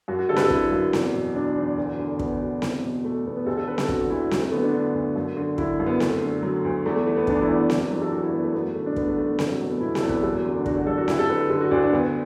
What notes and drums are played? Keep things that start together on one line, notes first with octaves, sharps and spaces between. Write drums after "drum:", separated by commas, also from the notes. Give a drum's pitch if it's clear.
F#2 F#4
F#4
D3 A4
B4, drum: snare C4
A4
D3 E4, drum: kick
F#2
E2, drum: snare C4
B2
B2 D4
E2
D2
D3
D3 B3, drum: kick
D2
E2, drum: snare C4
B2
B2 A3
E2 B3
B3
D2 A4
A4
D3 B4
A4, drum: snare C4
D3 F#4, drum: kick
D2 E4
D2 F#3, drum: snare C4
A3
D3 B3
D4
D3
D2
F#2
D3
D3 E4, drum: kick
F#2
B3
D2 A3, drum: snare C4
D3
D3 F#3
D2
E2 A3
A3
E3 A3
B3
E3 D4, drum: kick
E4
E2
E4
F#2 E4, drum: snare C4
D4
E3 F#3
A4
E3 F#4
E4
F#2 B3
A3
F#2 B3
A3
D3 A3
D4
D3 B3, drum: kick
A3
F#2 A3
B3
E2 A3, drum: snare C4
F#3
B2 A3
B3
B2 E4
A4, drum: snare C4
E2
B4, drum: kick
F#2 A4
F#3
D3 A3
D4
D3 F#4, drum: kick
F#4
F#2 A4
F#4
D2 E4, drum: snare C4
A4
D3 B4
B4
D3 A4
F#4
D2 D4
D4
D2 B3